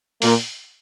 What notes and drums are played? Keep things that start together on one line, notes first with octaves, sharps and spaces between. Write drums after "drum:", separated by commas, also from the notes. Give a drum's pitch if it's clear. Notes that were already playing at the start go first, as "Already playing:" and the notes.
A#2 A#3, drum: open hi-hat